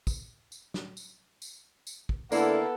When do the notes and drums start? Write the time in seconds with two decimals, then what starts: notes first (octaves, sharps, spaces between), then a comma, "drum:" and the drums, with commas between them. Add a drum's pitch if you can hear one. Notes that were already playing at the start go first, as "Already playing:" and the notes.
0.07 drum: kick, tambourine
0.52 drum: tambourine
0.74 drum: snare
0.97 drum: tambourine
1.42 drum: tambourine
1.87 drum: tambourine
2.09 drum: kick
2.32 D3 A#3 B3 E4 A4, drum: tambourine